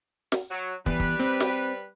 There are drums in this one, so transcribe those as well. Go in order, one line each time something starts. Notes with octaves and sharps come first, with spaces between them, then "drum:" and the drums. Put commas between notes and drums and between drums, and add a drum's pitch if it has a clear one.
drum: snare
F#3
E2 G3 B4, drum: kick
drum: kick
C4
drum: snare